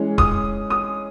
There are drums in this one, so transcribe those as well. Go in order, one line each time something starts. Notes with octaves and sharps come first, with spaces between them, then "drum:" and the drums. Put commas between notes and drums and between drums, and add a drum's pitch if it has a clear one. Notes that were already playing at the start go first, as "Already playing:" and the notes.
Already playing: E3 G#3 C#4
D#6, drum: kick D1
D#6